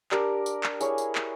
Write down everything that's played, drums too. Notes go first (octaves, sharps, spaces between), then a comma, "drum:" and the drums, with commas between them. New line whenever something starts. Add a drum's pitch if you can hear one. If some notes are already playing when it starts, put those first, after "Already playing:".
D4 G4 A#4, drum: clap
drum: tambourine
drum: clap
E4 G#4 C#5, drum: tambourine
drum: tambourine
drum: clap